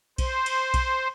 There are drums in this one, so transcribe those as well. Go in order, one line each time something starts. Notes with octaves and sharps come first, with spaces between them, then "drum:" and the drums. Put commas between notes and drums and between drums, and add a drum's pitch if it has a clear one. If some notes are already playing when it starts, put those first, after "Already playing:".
C5, drum: kick B1, cymbal
drum: cymbal
drum: kick B1, cymbal